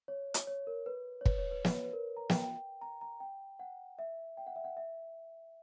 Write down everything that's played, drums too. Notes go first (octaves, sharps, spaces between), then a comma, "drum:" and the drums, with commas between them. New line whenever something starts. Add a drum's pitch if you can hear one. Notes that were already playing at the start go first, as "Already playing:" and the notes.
C#5
drum: hi-hat
C#5
A#4
B4
C#5
B4, drum: kick
C#5
B4
B4, drum: snare
C#5
B4
A#4
A#5
G5, drum: snare
G5
A#5
A#5
G5
F#5
E5
G5
F#5
E5
F#5
E5